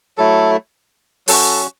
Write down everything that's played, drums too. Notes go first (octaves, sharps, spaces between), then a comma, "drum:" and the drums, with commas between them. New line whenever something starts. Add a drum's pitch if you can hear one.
F#3 A3 E4 A4
F#3 C#4 F#4 A4, drum: open hi-hat